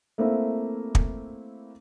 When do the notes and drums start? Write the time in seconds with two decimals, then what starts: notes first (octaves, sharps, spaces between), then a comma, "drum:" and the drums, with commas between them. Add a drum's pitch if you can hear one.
0.18 A3 A#3 C4 E4
0.95 drum: kick